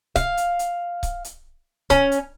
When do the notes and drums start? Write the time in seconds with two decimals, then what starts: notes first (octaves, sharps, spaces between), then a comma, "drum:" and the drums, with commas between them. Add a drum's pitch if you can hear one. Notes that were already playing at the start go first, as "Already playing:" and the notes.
0.16 F5, drum: kick C#1, hi-hat
0.37 drum: hi-hat
0.59 drum: hi-hat
1.03 drum: kick C#1, hi-hat
1.24 drum: hi-hat
1.90 C#4, drum: kick C#1, hi-hat
2.12 drum: hi-hat